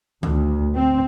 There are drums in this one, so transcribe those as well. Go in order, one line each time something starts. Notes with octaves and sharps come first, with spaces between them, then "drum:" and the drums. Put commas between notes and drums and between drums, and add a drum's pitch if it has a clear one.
D2, drum: tom D#3
C4